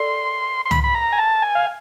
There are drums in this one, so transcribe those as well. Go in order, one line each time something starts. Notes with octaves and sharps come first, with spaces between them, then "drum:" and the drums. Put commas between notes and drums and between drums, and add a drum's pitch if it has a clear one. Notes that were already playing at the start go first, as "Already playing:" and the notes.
Already playing: A4 D5 C6
C6
B5, drum: tom
B5
A#5
G#5
A5
G#5
F5